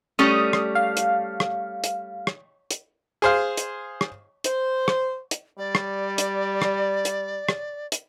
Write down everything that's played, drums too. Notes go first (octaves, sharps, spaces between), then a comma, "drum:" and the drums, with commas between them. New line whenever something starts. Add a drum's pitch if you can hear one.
G3 A3 C#4 D#6
drum: rim click
F5
drum: hi-hat
drum: rim click
drum: hi-hat
drum: rim click
drum: hi-hat
G#4 C5 F5
drum: hi-hat
drum: rim click
C5, drum: hi-hat
drum: rim click
drum: hi-hat
G3 D5
drum: rim click
drum: hi-hat
drum: rim click
drum: hi-hat
drum: rim click
drum: hi-hat